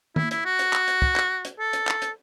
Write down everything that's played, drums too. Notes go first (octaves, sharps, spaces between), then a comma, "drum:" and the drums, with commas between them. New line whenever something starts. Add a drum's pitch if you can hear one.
E4, drum: tom D#3
E4, drum: hi-hat
F#4
drum: hi-hat
drum: clap
drum: hi-hat
drum: kick
drum: clap
drum: hi-hat
A4
drum: hi-hat
drum: clap
drum: hi-hat